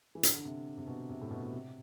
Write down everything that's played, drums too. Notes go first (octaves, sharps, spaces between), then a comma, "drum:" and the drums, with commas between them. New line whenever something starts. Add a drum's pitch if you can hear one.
E3
D3, drum: hi-hat
D3
C3
C3
B2
C3
A2
B2
B2
C3